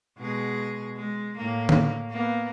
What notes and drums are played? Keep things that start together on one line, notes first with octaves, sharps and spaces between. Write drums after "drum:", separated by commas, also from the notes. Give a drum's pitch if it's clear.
B2 G#3 G#4
G#3
A2 A#3
drum: tom D3
A#3 B3